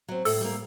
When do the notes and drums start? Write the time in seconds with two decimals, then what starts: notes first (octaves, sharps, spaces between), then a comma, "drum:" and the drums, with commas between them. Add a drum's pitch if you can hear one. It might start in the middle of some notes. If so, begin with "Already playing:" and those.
0.08 F#3 C4
0.25 A2 A4, drum: open hi-hat
0.41 G3 A#3